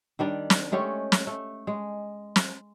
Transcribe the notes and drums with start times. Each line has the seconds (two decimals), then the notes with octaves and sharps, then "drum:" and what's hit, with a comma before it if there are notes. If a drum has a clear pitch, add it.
0.19 D#3 G3 D4
0.50 drum: snare
0.72 G#3 A3 C#4 G4
1.12 drum: snare
1.27 A3
1.67 G#3
2.36 drum: snare